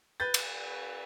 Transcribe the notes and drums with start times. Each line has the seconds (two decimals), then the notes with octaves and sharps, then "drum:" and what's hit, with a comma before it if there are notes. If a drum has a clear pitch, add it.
0.20 B4 G6 A6
0.34 drum: cymbal